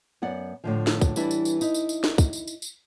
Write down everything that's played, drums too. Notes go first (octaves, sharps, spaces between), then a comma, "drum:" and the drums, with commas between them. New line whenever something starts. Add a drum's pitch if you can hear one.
F#2 B3 D5 F#5
A2 D3 F3
drum: snare
drum: kick, tambourine
E3 G3 D4 E4, drum: tambourine
drum: tambourine
drum: tambourine
D#4 E4, drum: tambourine
drum: tambourine
drum: tambourine
drum: snare
drum: kick, tambourine
drum: tambourine
drum: tambourine
drum: tambourine